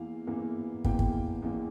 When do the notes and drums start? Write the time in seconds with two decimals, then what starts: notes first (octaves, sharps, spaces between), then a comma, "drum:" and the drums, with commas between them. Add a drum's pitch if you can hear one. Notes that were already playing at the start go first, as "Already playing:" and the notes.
Already playing: E2 E3 A#3 F5
0.27 E2 E3 A#3
0.84 E2 E3 A#3 G5, drum: kick
0.99 drum: kick
1.42 E2 E3 A#3